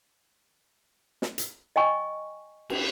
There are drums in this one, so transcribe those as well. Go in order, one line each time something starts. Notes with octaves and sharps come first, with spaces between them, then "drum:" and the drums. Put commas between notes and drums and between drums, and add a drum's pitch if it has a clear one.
drum: snare
drum: hi-hat
D#5 G5 G#5 C#6
drum: cymbal